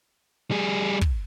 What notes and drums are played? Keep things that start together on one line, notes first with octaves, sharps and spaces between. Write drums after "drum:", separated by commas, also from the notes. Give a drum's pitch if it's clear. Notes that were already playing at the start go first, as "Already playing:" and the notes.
G3 G#4
drum: kick